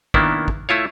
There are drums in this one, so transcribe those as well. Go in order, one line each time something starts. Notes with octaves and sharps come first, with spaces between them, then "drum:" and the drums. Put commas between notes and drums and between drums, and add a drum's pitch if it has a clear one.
D#3 A#3 B3 D4 E4, drum: kick
drum: kick
A3 E4 F4 C#5